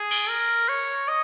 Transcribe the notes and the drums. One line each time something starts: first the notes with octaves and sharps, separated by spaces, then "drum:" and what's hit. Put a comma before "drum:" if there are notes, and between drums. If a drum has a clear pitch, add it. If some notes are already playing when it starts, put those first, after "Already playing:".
Already playing: G#4
drum: cymbal
A#4
C#5
D#5